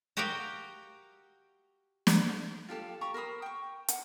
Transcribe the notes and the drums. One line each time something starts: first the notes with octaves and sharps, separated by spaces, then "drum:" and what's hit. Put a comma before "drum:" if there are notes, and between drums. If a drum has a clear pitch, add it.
F#4 G4 A#4 D#5 F5 G5
drum: snare
F4 G4 A4 F5
G4 A#5 C#6
A#4 C5 B5 D#6
G5 C#6
F#5, drum: hi-hat